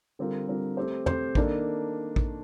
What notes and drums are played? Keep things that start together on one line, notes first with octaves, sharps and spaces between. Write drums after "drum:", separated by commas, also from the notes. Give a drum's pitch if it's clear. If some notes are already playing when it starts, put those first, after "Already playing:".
D3 G3 C4 F4 A#4
D3 G3 C4 F4 A#4
A3 C4 G4 C5
A3 C4 G4 C5, drum: tom
D#3 A#3 D4 A4 D5, drum: kick A1
drum: kick A1